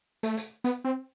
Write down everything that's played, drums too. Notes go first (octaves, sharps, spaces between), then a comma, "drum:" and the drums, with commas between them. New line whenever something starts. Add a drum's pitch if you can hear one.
A3, drum: hi-hat
drum: hi-hat
B3, drum: hi-hat
C4